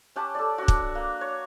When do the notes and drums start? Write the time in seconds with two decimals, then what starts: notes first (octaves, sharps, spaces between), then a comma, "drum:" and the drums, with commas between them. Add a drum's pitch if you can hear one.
0.16 C#4 G4 F#5 A5
0.35 A4 D5
0.58 D4 F#4
0.68 drum: kick
0.95 A#3
1.21 C#5